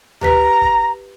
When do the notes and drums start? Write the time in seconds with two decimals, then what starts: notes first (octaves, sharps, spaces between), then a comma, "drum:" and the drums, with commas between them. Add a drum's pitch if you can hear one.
0.21 G4 B4 A#5 B6, drum: tom D2
0.62 drum: kick